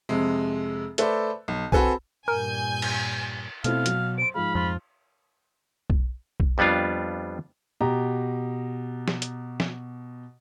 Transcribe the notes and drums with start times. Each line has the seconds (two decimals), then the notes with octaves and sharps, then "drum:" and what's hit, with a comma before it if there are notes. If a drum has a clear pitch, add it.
0.09 F2 C3 G#3
0.98 A3 A4 B4 C5 D5, drum: hi-hat
1.48 B1
1.72 C4 F#4 A4 B4 G#5, drum: kick B1
2.28 G2 A#2 A#4 G#5 G6
2.82 drum: cymbal
3.64 B2 A3 C4 E4 F5, drum: hi-hat
3.86 F#3, drum: hi-hat
4.18 C5 C6 D7
4.34 G#2 F3 G#3 F5 B5
4.55 F2 F4
5.90 drum: kick B1
6.40 drum: kick B1
6.58 F2 G3 B3 D4 F4
7.81 B2 G4 A#5
9.08 drum: snare
9.22 drum: hi-hat
9.60 drum: snare